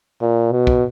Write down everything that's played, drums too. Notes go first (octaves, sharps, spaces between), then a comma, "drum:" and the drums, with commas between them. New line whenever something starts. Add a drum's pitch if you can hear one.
A#2
B2
drum: kick